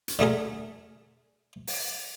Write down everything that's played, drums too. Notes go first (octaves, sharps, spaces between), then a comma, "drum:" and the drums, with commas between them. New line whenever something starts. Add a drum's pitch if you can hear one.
drum: hi-hat
D3 A3 G#4 A#4
drum: open hi-hat